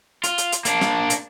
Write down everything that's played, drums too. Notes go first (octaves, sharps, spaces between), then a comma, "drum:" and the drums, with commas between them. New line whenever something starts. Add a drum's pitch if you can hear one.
F4, drum: hi-hat
drum: hi-hat
drum: hi-hat
A#3 D4, drum: hi-hat
drum: snare
drum: hi-hat